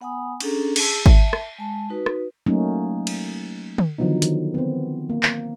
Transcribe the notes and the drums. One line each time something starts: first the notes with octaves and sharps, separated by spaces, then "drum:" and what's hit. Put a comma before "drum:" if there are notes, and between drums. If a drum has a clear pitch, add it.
B3 F#5 G#5 B5 D#6
C#4 D4 G#4 A4 A#5, drum: cymbal
G#4 A5 E6, drum: cymbal
E5 A5, drum: kick G#1
drum: rim click
G#3 A5
D#4 F#4 B4
drum: rim click
F#3 A3 A#3 C#4 D#4
drum: cymbal
drum: tom
D3 D#3 F3 F#3 B3 D#4
D#3, drum: hi-hat
B3 C4
A#3
drum: clap